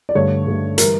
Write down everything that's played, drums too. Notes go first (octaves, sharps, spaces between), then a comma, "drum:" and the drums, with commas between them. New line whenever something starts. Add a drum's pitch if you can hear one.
D5
G2 D3 A3 C#5
G2 D3 A3
E3 G3 A#4, drum: hi-hat